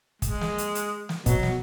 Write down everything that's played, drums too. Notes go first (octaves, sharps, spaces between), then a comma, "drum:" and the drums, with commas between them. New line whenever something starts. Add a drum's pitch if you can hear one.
G#3, drum: kick, hi-hat
drum: snare
drum: hi-hat
drum: hi-hat
drum: snare
B2 F#3, drum: kick, hi-hat
drum: snare